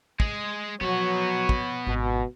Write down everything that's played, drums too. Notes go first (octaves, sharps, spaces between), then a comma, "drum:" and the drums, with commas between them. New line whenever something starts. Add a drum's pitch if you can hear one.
G#3 G#4, drum: kick
F3 F#3 B3 F#4 C#5
drum: kick
G#1 B2